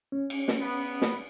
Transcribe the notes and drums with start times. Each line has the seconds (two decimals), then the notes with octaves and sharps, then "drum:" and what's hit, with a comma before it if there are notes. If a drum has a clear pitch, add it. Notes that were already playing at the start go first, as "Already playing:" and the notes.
0.12 C#4
0.30 drum: cymbal
0.48 drum: snare
0.60 B3
1.02 drum: snare